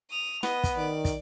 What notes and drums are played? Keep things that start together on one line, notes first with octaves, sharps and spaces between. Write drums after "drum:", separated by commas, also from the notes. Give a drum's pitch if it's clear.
D#6 F7
B3 D#5, drum: snare
drum: kick, hi-hat
D#3 D5
drum: kick, hi-hat